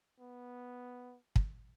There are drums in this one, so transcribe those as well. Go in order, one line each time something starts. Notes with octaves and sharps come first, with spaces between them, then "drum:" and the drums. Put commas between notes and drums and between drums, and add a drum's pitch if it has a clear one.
B3
drum: kick